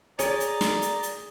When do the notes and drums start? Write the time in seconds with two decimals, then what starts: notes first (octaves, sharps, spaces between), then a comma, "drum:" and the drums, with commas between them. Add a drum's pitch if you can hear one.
0.19 C#4 G#4 D5 A#5, drum: hi-hat
0.40 drum: hi-hat
0.61 drum: snare
0.82 drum: hi-hat
1.03 drum: hi-hat